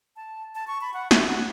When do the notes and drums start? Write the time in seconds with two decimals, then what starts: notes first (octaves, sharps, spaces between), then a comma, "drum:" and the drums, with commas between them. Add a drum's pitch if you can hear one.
0.16 A5
0.55 A5
0.67 C#6
0.81 B5
0.94 F#5
1.11 E5, drum: snare
1.28 F#5